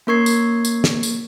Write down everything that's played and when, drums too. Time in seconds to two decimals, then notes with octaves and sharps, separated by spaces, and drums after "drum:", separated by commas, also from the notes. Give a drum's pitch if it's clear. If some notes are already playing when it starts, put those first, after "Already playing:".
0.07 A#3 C#4 A#4 C#6 G#6 C7
0.26 drum: tambourine
0.65 drum: tambourine
0.84 drum: snare
1.03 drum: tambourine